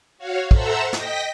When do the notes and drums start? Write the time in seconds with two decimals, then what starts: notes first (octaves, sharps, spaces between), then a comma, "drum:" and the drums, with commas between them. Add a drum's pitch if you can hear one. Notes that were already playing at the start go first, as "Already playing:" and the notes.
0.18 F#4 C#5 F5
0.51 A4 C5 E5 F#5 A#5 E6, drum: kick
0.93 D#5 G5 A#6 B6, drum: snare